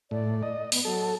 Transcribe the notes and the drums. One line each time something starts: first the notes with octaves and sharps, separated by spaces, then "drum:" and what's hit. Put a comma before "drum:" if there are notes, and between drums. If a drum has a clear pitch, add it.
A2 D5
D#5
B3, drum: open hi-hat
F#3 A4